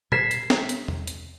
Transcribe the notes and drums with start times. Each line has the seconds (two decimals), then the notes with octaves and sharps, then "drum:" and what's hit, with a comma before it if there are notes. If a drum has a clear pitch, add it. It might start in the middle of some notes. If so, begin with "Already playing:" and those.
0.12 G#6 B6 C7 E7, drum: tom A#2
0.31 drum: hi-hat
0.50 drum: snare
0.69 drum: hi-hat
0.88 drum: tom E2
1.07 drum: hi-hat